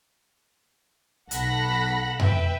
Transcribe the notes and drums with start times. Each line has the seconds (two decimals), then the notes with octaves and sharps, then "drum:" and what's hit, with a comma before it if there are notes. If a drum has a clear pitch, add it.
1.31 B1 A4 F#5 B5 A#6 B6, drum: hi-hat
2.19 B4 E5 G5, drum: tom F2